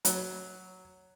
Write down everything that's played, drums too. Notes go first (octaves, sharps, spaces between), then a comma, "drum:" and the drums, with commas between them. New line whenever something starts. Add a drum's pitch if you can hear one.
F#3, drum: hi-hat